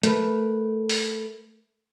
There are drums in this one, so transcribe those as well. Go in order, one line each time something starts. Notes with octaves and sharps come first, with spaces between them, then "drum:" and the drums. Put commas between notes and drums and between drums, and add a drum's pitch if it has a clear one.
A3 A#4 B4, drum: hi-hat
drum: open hi-hat